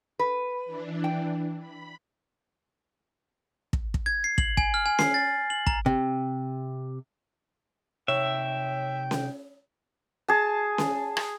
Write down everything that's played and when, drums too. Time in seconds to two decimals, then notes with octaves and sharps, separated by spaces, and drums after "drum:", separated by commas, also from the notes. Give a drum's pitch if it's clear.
0.19 B4
0.66 E3 D4
1.04 G5
1.58 B5
3.73 drum: kick
3.94 drum: kick
4.06 G#6
4.24 C7
4.38 F#7, drum: kick
4.57 G#5, drum: kick
4.74 F6
4.86 G#5
4.99 C7, drum: snare C#4
5.14 A6
5.50 F#7
5.67 A#5, drum: kick
5.86 C3
8.08 C3 D#4 C#5 E5 G5
9.11 drum: snare C#4
10.28 G#4 A5
10.78 drum: snare C#4
11.17 drum: rim click